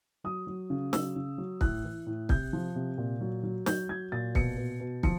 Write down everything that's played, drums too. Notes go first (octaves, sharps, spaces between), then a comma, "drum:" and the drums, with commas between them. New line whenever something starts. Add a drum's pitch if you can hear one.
F#3 D#6
F#3
C#3
F#3 E6, drum: snare
C#3
F#3
A2 F#6, drum: kick
E3
A2
C3 G6, drum: kick
F3
C3
A#2
F#3
F#3
F#3 G6, drum: snare
F#3 G#6
A#2 A6
B2 C#7, drum: kick
B2
B2
F3 C#7, drum: kick